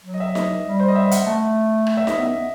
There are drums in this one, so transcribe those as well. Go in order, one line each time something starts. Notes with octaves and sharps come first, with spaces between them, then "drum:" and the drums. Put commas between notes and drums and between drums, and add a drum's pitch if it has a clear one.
F#3
D#5
E5
D#5, drum: snare D#4
G3
C5
D#5
E5
F#5, drum: hi-hat
A3 A5
drum: rim click
E5
D#5, drum: snare D#4
B3 E5
B3